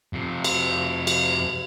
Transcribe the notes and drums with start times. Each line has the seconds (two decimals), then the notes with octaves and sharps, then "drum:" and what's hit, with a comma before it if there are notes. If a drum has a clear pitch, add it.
0.13 F2 C3
0.44 drum: cymbal
1.07 drum: cymbal